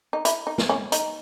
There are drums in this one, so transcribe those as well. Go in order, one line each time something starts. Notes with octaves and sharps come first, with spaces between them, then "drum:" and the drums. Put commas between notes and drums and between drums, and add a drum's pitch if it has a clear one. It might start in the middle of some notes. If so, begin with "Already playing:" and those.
D#4
E4, drum: hi-hat
D#4
drum: snare
C#4
D#4, drum: hi-hat